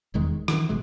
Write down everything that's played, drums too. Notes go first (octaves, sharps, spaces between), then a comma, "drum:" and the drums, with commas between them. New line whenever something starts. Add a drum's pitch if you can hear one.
D#1 E2 D#3 G#3
D#3 E3, drum: rim click
G#1 B2 G#3